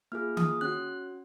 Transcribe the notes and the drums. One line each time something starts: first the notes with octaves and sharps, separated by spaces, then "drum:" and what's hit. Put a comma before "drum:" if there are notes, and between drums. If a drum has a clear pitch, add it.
A#3 F4 G#4 F6
D#6, drum: tom D#3
C#4 F#4 F#6